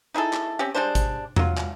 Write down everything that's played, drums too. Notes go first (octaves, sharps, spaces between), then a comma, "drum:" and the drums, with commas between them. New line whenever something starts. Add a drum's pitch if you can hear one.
D#4 E4 G#4 A4
drum: clap
C4 C#4 G4
G3 G#3 D4 C5
drum: kick G#1, hi-hat
F#3 F4, drum: tom E2
drum: clap